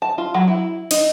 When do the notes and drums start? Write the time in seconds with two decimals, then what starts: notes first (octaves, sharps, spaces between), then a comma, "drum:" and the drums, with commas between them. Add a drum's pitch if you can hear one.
0.02 A5
0.18 F4
0.34 F#3
0.48 E4
0.91 D#4, drum: cymbal